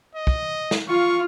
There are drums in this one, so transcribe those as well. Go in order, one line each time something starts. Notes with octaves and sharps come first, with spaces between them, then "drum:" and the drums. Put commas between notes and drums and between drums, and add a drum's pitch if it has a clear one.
D#5
drum: kick
drum: snare
F4 F5 C#6